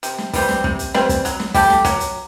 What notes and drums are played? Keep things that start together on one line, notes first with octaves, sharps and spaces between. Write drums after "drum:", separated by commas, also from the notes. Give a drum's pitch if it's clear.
C3, drum: hi-hat
drum: snare
E3 G3 C4, drum: kick, open hi-hat
drum: snare
C3, drum: kick
drum: hi-hat
E3 G3 C4, drum: snare
drum: kick, hi-hat
F#3, drum: hi-hat
drum: snare
A3 E4 G4, drum: kick, open hi-hat
drum: snare
F#3, drum: kick, hi-hat
drum: hi-hat